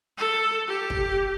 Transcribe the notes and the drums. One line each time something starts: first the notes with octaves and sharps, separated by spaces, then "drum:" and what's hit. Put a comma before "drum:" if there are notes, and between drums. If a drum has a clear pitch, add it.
A4
G4
drum: kick